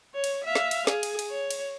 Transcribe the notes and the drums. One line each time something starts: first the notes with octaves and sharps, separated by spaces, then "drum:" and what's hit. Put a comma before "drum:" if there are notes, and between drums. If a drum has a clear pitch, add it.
C#5
drum: cymbal
E5 F5
drum: snare
drum: cymbal
G#4, drum: snare
drum: cymbal
drum: cymbal
C#5
drum: cymbal